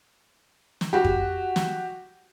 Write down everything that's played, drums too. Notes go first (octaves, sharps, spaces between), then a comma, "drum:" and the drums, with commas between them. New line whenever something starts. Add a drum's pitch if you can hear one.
drum: snare
F#4 G4
drum: kick F2
drum: snare